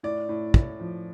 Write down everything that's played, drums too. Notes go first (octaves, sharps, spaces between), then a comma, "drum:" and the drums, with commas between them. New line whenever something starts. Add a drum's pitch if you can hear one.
A2 D5
A2
A2, drum: kick
F3